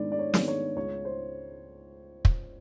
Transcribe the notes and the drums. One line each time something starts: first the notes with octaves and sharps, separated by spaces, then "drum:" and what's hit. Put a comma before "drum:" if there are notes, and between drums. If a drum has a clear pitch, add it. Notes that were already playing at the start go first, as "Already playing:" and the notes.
Already playing: G#2 D#3 G#3 B3 D4 D5
D5
C#5
D#3 G#3 B3 D4, drum: snare
C#5
C#2 C#5
C5
drum: kick